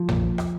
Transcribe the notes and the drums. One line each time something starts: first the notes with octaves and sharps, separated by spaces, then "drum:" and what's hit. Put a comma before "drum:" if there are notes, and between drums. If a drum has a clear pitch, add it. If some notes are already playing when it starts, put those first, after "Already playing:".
Already playing: F3
A#2, drum: tom
drum: rim click